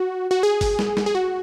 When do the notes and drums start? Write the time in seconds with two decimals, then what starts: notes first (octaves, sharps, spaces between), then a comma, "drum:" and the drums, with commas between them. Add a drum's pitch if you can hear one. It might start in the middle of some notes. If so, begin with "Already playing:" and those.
Already playing: F#4
0.31 F#4
0.43 G#4
0.61 drum: kick G1, open hi-hat
0.79 drum: snare
0.97 drum: snare
1.06 G#4
1.15 F#4